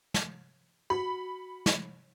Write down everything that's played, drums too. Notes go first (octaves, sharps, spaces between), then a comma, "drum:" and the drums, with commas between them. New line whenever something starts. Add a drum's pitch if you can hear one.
drum: snare
F#4 B5
drum: snare